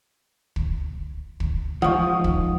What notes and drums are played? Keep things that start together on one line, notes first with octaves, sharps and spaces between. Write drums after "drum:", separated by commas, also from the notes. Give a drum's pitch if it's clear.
drum: kick
drum: kick
G#2 F3 F#5 C#6 D#6
drum: kick